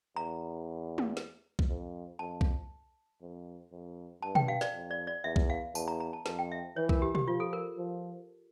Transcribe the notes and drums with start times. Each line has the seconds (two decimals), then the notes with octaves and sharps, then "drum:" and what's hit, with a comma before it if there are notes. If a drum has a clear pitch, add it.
0.16 E2 A#5
0.98 drum: tom
1.17 drum: snare
1.59 drum: kick B1
1.69 F2
2.19 F2 A5
2.41 drum: kick B1
3.21 F2
3.72 F2
4.23 G2 A5
4.35 G5, drum: tom B2
4.48 F5
4.61 D5, drum: snare
4.73 F2
4.91 D5
5.07 D5
5.24 E2 E5
5.36 drum: kick B1
5.50 F5
5.75 E2 A5, drum: tambourine
5.88 A#5
6.00 A#5
6.13 A5
6.26 F2 A5, drum: snare
6.39 G5
6.52 E5
6.76 E3 C#5
6.89 A#4, drum: kick B1
7.02 G4
7.15 G4, drum: tom
7.27 F3 F4
7.40 A4
7.53 A#4
7.78 F3